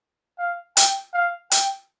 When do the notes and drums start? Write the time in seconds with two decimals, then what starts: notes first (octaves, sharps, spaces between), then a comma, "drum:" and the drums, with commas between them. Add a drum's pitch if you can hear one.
0.39 F5
0.77 G5, drum: hi-hat
1.14 F5
1.51 G5, drum: hi-hat